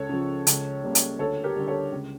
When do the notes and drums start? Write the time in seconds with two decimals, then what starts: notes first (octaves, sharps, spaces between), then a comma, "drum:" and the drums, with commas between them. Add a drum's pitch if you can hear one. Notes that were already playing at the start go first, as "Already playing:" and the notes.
Already playing: C#2 A4 C#5
0.09 C#3 F3
0.47 C#2, drum: hi-hat
0.83 C#3 G3 A#3
0.95 drum: hi-hat
1.19 D2 A4 C#5
1.44 G4 A#4
1.56 D3 G3
1.68 A4 C#5
1.92 C#2